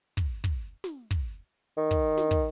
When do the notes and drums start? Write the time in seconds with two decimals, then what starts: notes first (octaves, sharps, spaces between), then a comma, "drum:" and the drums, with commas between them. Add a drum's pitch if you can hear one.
0.17 drum: kick
0.44 drum: kick
0.84 drum: snare
1.11 drum: kick
1.77 D#3
1.91 drum: kick
2.17 drum: snare
2.31 drum: kick